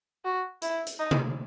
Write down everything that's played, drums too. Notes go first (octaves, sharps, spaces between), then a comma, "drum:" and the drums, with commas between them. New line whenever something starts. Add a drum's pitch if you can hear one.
F#4
E4, drum: hi-hat
drum: hi-hat
D#4
drum: tom C3